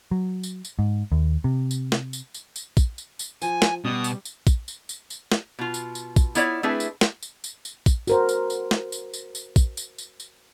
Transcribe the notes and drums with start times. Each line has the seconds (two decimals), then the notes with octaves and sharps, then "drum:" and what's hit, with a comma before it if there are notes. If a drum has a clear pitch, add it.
0.11 F#3
0.43 drum: tambourine
0.65 drum: tambourine
0.79 G#2
1.12 D#2
1.44 C3
1.71 drum: tambourine
1.92 drum: snare
2.13 drum: tambourine
2.34 drum: tambourine
2.56 drum: tambourine
2.77 drum: kick, tambourine
2.98 drum: tambourine
3.19 drum: tambourine
3.42 F3 G#5, drum: tambourine
3.62 drum: snare
3.85 B2 G3 D#6
4.04 drum: tambourine
4.25 drum: tambourine
4.47 drum: kick, tambourine
4.68 drum: tambourine
4.89 drum: tambourine
5.10 drum: tambourine
5.32 drum: snare
5.59 B2 F4
5.74 drum: tambourine
5.95 drum: tambourine
6.16 drum: kick, tambourine
6.35 B3 E4 F4 C#5 D5, drum: tambourine
6.63 A3 C4 D4 E4 G#4 B4
6.80 drum: tambourine
7.01 drum: snare
7.23 drum: tambourine
7.44 drum: tambourine
7.65 drum: tambourine
7.86 drum: kick, tambourine
8.07 F#4 A#4 C5, drum: tambourine
8.29 drum: tambourine
8.50 drum: tambourine
8.71 drum: snare
8.92 drum: tambourine
9.14 drum: tambourine
9.35 drum: tambourine
9.56 drum: kick, tambourine
9.77 drum: tambourine
9.98 drum: tambourine
10.20 drum: tambourine